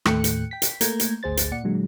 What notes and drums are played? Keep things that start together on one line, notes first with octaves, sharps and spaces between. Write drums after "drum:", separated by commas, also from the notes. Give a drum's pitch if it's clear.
D#2 A2 A3 G5 F#6 C#7, drum: rim click
drum: hi-hat
G5 B6
drum: hi-hat
A3 A#3 A#5 G6 G#6, drum: hi-hat
drum: hi-hat
G#1 D2 G#4 C5 A6
drum: hi-hat
A#2 D5 F#5 C#7
A#2 D3 F#3 G#3